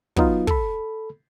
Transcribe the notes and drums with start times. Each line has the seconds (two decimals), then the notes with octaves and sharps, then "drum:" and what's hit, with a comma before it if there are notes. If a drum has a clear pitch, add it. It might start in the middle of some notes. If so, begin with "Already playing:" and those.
0.16 F#3 B3 D#4 F4, drum: kick
0.47 A4 B5, drum: kick